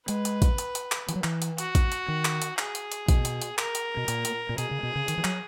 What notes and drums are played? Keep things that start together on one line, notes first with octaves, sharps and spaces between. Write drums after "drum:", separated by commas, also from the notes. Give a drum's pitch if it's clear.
G#3 B4, drum: hi-hat
drum: hi-hat
drum: kick, hi-hat
drum: hi-hat
drum: hi-hat
drum: clap
E3, drum: hi-hat
F#3
E3, drum: clap
drum: hi-hat
F#4, drum: hi-hat
drum: kick, hi-hat
drum: hi-hat
D#3
drum: clap
drum: hi-hat
G#4, drum: clap
drum: hi-hat
drum: hi-hat
B2, drum: kick, hi-hat
drum: hi-hat
drum: hi-hat
A#4, drum: clap
drum: hi-hat
B2
A#2, drum: hi-hat
drum: hi-hat
A#2
B2 G#4, drum: hi-hat
C#3
B2
C#3
D#3, drum: hi-hat
E3
F#3, drum: clap